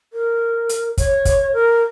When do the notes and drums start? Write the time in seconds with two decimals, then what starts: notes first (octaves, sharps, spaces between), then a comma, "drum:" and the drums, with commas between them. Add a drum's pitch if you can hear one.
0.13 A#4
0.69 drum: hi-hat
0.98 C#5, drum: kick, hi-hat
1.25 drum: kick, hi-hat
1.53 A#4